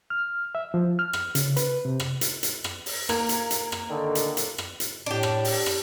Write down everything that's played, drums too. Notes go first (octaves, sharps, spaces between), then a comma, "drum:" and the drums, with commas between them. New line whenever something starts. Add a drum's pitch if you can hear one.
F6
E5
F3
F6
drum: rim click
C#3, drum: hi-hat
B4, drum: hi-hat
C3
drum: rim click
drum: hi-hat
drum: hi-hat
drum: rim click
drum: open hi-hat
A#3 A#5 G#6, drum: rim click
drum: hi-hat
drum: hi-hat
drum: rim click
D3 D#3
drum: hi-hat
drum: hi-hat
drum: rim click
drum: hi-hat
A2 D4 G4
drum: rim click
drum: open hi-hat
drum: rim click